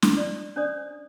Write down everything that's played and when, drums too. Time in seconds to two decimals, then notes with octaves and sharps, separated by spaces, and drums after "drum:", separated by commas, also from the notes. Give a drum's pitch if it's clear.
0.02 drum: snare
0.17 D5
0.56 C#4 D4 C5 D5 D#6